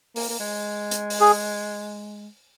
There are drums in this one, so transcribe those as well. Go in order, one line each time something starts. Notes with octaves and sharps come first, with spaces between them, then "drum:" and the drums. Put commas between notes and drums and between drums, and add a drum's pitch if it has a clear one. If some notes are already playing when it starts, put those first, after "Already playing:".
A#3, drum: open hi-hat
A#3
G#3
drum: hi-hat
drum: open hi-hat
G#4